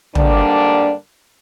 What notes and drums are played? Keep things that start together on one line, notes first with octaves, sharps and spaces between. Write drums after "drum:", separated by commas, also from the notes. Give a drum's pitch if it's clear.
G#2 D3 G3 A#3 D4, drum: tom